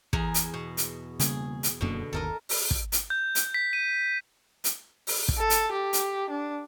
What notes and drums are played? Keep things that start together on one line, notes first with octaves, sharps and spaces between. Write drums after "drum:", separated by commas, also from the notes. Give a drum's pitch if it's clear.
E2 G#4 A#5, drum: kick
drum: hi-hat
B2
drum: hi-hat
C#3 G3 A#3 G#4, drum: hi-hat
drum: hi-hat
F1 F#2 B2 D3 A#3
G1 D#2 A4 A#4 D#5
drum: open hi-hat
drum: kick
drum: hi-hat
G6
drum: hi-hat
B6
D#7
drum: hi-hat
drum: open hi-hat
drum: kick
A4
drum: hi-hat
G4
drum: hi-hat
D4